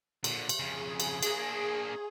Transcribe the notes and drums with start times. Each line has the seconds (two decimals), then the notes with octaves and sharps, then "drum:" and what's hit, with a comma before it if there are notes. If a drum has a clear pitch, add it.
0.24 A#2 D3, drum: cymbal
0.49 drum: cymbal
0.59 F2 C#3 G#4
1.00 drum: cymbal
1.23 A#3 D4, drum: cymbal